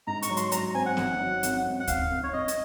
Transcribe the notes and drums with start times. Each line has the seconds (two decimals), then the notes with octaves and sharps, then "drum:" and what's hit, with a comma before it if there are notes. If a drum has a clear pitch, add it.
0.07 G#2 A#5
0.22 C#6, drum: hi-hat
0.29 F#3
0.37 C6, drum: hi-hat
0.52 F#3 A#5, drum: hi-hat
0.74 C4 G#5
0.86 F#5
0.97 G#1, drum: snare B3
1.19 F#3
1.43 G#1, drum: hi-hat
1.65 G#1
1.80 F#5
1.87 G#1 F5, drum: kick D2, hi-hat
2.10 G#1
2.24 C#5
2.33 G#1 D#5
2.48 drum: hi-hat